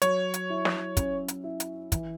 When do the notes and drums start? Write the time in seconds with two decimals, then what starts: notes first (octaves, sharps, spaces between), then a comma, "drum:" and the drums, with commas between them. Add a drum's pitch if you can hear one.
0.02 F#3 C#5, drum: hi-hat
0.34 drum: hi-hat
0.50 E4
0.65 drum: snare
0.97 C#4, drum: kick, hi-hat
1.28 drum: hi-hat
1.44 E4
1.60 drum: hi-hat
1.92 E3, drum: kick, hi-hat